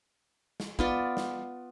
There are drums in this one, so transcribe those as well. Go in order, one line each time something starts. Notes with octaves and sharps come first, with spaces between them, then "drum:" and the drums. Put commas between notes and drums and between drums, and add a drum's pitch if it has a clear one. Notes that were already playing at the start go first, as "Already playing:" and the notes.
drum: snare
B3 F4 D5, drum: kick
drum: snare